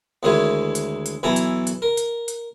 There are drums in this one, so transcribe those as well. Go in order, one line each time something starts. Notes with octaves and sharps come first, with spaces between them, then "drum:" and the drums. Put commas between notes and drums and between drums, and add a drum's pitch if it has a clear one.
D2 D#3 G#3 E4 C#5 G#5
drum: hi-hat
drum: hi-hat
B1 E3 E4 A4 G#5 A#5
drum: hi-hat
drum: hi-hat
A#4
drum: hi-hat
drum: hi-hat